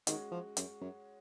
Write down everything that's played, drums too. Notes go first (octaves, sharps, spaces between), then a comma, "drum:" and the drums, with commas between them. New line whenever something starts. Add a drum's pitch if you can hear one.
D#3 G#3 C#4 F#4 C#5, drum: hi-hat
F3
F#2, drum: hi-hat
F#2